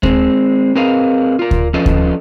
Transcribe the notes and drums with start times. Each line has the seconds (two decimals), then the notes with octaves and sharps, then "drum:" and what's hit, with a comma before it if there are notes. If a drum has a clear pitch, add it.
0.03 G#3 C4, drum: kick D2
0.75 C4 G#4 A#4 B4 D#5 F5
1.39 F4 A#4
1.51 drum: kick D2
1.74 F3 C#4 F4 A4 B4 D#5
1.86 drum: kick D2